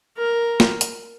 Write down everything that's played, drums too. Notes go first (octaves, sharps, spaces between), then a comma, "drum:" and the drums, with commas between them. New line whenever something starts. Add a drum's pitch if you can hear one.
A#4
drum: snare
drum: hi-hat